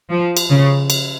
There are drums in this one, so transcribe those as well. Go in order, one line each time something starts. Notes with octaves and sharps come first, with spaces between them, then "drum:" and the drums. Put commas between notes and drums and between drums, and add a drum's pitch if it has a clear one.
F3
drum: cymbal
C#3
drum: cymbal